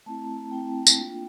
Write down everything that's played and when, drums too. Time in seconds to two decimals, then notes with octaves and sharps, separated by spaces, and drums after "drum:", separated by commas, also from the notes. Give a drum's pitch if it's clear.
0.06 A3 C4 E4 A5
0.22 A#5
0.37 A5
0.51 A3 C4 E4 G5
0.87 drum: tambourine
0.96 A#3 D4 F4